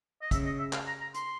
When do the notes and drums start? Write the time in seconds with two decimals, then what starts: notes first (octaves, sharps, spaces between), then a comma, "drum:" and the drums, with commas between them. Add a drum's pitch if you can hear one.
0.22 D#5
0.31 C#3 E5, drum: kick, hi-hat
0.45 D#5
0.59 E5
0.73 F5, drum: clap
0.87 A#5
1.00 A#5
1.14 C6, drum: hi-hat